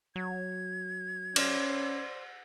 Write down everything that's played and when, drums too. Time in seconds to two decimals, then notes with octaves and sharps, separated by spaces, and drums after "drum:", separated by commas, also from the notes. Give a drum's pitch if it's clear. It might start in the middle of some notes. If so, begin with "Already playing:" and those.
0.16 F#3 G#6
1.36 C#4 C5 D5, drum: cymbal